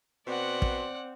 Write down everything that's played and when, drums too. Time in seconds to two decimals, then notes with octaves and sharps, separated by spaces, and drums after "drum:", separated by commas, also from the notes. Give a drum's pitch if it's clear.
0.27 B2 C4 D5 F#5
0.62 drum: kick